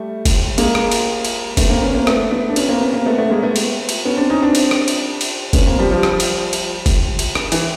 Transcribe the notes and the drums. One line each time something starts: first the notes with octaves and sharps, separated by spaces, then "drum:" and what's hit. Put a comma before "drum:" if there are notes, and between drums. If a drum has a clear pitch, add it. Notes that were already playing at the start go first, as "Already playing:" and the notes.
Already playing: G3 A3
drum: kick, cymbal
G#3 A#3, drum: cymbal
drum: rim click
drum: cymbal
drum: cymbal
A3 B3, drum: kick, cymbal
A#3 C4
B3 C#4
A#3 C4
A3 B3, drum: rim click
A3 B3
D4
B3 C#4, drum: cymbal
A#3 C4
B3 C#4
A#3 C4
A3 B3
A3 B3
G#3 A#3
A3 B3
drum: cymbal
drum: cymbal
B3 C#4
C4 D4
C#4 D#4
C4 D4
drum: cymbal
drum: rim click
drum: cymbal
drum: cymbal
B3 C#4, drum: kick, cymbal
A#3 C4
F3 G3
F3 G3
drum: rim click
drum: cymbal
drum: cymbal
drum: kick, cymbal
drum: cymbal
drum: rim click
E3, drum: cymbal